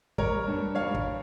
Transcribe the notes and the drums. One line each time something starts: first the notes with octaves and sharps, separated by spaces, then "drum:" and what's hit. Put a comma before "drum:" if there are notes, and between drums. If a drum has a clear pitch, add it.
G3 A#4 C#5, drum: kick
G2
G3 C#5 F5
drum: kick